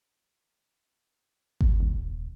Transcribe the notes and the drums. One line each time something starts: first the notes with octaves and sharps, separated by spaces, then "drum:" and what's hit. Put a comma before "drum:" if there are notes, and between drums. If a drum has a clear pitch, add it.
drum: kick G#1
D#1